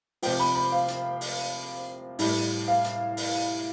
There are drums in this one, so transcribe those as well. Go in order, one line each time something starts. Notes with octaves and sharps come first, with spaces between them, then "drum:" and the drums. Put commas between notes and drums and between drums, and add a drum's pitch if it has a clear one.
C3 F3 G5, drum: open hi-hat
B5
B5
F5
drum: hi-hat
drum: open hi-hat
A2 G3, drum: open hi-hat
F5
drum: hi-hat
drum: open hi-hat